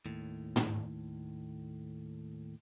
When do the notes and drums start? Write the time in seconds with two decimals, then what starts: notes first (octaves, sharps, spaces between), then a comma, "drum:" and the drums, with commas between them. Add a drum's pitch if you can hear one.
0.06 D#2 A2
0.56 drum: tom